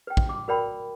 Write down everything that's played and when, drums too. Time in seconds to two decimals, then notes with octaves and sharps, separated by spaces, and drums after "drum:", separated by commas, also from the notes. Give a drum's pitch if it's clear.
0.07 B4 G5
0.17 drum: kick
0.29 C6 D6
0.48 F#4 A#4 B4 D5 G5 B5